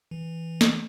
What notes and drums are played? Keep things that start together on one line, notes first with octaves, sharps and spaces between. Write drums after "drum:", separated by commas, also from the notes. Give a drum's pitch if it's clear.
E3
drum: snare